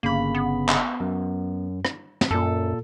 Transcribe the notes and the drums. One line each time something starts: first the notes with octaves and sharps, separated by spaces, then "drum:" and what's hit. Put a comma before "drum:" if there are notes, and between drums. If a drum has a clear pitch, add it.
G1 C#3 A#3 B5
B3
drum: clap
F#2
drum: rim click
drum: snare
F#2 A#2 A4